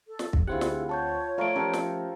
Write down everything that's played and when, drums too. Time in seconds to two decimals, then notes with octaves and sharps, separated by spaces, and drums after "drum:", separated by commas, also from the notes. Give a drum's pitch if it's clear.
0.08 A4
0.19 drum: snare
0.33 drum: kick
0.47 D2 C4 E4 F4 G4 G#4 F#5 G5
0.61 drum: snare
0.89 C#5 A5 C#6 G6
1.38 F3 A3 F4 A4 A#4 D5 C#6 D7
1.56 C#4 G4 A4 A#4 C5 G5
1.73 drum: snare